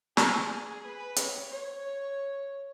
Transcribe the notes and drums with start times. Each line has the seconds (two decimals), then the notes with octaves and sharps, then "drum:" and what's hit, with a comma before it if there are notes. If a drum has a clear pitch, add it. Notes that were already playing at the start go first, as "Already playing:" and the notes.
0.17 G#4, drum: snare
0.84 B4
1.16 C#5, drum: hi-hat
1.50 C#5